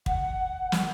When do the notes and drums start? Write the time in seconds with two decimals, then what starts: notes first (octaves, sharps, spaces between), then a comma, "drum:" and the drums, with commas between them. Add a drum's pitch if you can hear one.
0.06 F#5, drum: kick
0.72 drum: snare